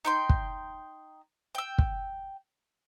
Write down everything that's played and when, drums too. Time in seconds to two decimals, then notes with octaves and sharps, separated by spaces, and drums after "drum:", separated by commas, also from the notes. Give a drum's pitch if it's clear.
0.05 D#4 G5 C6
0.29 drum: kick
1.55 G5 E6
1.78 drum: kick